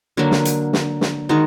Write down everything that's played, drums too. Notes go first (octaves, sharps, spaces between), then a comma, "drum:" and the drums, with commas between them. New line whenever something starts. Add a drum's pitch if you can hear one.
D3 F#3 A#3 D4
drum: snare
drum: hi-hat
drum: snare
drum: snare
D#3 G#3 D#4 F#4